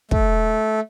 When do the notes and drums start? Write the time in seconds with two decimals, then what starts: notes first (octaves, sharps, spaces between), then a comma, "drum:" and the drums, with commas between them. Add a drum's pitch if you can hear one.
0.11 A3, drum: kick